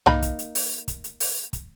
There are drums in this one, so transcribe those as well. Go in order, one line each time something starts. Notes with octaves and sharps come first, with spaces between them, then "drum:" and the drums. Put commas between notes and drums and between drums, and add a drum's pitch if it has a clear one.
A#3 D#4 B5, drum: tom B1
drum: kick, hi-hat
drum: hi-hat
drum: open hi-hat
drum: kick, hi-hat
drum: hi-hat
drum: open hi-hat
drum: kick, hi-hat